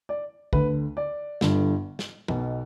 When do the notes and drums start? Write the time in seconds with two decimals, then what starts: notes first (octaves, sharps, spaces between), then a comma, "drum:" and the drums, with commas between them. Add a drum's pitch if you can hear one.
0.09 D5
0.53 D2 D3 B4, drum: kick
0.97 D5
1.41 G1 G2 D3, drum: snare
1.99 drum: snare
2.28 B1 B2, drum: tom